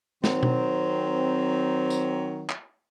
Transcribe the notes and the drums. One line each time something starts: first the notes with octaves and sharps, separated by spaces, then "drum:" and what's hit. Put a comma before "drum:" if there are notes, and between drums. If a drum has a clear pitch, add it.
D#3 F#3 C4, drum: snare
drum: tom B2
drum: tambourine
drum: clap